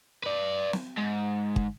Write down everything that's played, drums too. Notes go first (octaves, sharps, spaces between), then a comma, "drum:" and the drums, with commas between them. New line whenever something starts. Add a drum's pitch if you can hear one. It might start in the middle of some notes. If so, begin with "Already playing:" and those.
B4 D5
drum: snare
G#2
drum: kick